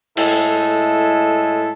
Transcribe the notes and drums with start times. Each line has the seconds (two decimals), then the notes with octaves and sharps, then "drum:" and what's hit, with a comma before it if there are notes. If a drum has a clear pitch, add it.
0.17 A2 G#3 E4 A4, drum: cymbal